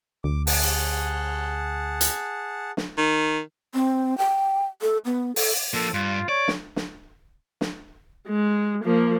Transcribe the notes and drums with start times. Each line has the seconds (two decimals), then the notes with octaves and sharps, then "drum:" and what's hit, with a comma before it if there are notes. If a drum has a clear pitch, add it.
0.24 D2 D6
0.47 G#4 F#5 A5, drum: open hi-hat
0.64 drum: cymbal
2.01 drum: hi-hat
2.77 drum: snare
2.98 D#3
3.74 C4
4.18 G5
4.81 A4
5.05 B3
5.36 A4, drum: open hi-hat
5.74 F3 A#3 A4
5.94 G2 F4
6.29 C#5 D5
6.48 drum: snare
6.76 drum: snare
7.61 drum: snare
8.28 G#3
8.84 F3 A#3